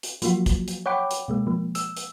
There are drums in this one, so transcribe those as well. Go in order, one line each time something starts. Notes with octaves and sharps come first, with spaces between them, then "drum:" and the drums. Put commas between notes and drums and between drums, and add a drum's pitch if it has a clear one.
drum: hi-hat
F3 F#3 A#3 F4 F#4, drum: hi-hat
drum: kick, hi-hat
drum: hi-hat
C#5 F#5 G5 B5 D6
drum: hi-hat
B2 G#3 A#3
F3 A#3
E6, drum: hi-hat
drum: hi-hat